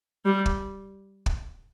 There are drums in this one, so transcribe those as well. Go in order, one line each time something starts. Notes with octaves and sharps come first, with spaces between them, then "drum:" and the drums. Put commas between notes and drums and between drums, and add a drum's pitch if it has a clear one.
G3
drum: kick
drum: kick